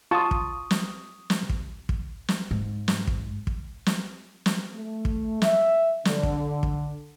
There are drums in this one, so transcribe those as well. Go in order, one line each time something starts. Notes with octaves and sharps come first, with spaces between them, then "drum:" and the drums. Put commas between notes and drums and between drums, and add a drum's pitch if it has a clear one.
F4 A5 C#6 D#6
drum: kick
drum: snare
drum: snare
drum: kick
drum: kick
drum: snare
G#2
drum: snare
drum: kick
drum: kick
drum: snare
drum: snare
A3
drum: kick
E5, drum: snare
D3, drum: snare
drum: kick
drum: kick